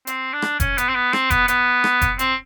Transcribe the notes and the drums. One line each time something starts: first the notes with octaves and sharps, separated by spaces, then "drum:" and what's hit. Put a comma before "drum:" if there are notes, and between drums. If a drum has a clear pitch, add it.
C4, drum: hi-hat
D4
drum: rim click
C#4, drum: kick F1, hi-hat
B3, drum: hi-hat
C4
B3
C4, drum: rim click
B3, drum: kick F1, hi-hat
B3, drum: hi-hat
drum: rim click
drum: kick F1, hi-hat
C4, drum: hi-hat